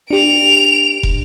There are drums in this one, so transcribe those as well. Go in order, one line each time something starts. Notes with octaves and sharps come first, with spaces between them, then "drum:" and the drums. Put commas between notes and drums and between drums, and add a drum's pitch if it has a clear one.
D4 G4 D7 F7
drum: kick